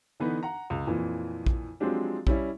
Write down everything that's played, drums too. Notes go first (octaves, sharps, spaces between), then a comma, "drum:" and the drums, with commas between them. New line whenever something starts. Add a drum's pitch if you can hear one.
D3 E3 B3 D#4 B4
F#5 A#5
C#2
F2 A#2 E3
drum: kick A#1
F3 F#3 G#3 C4 D4 G4
G3 C#4 E4, drum: kick A#1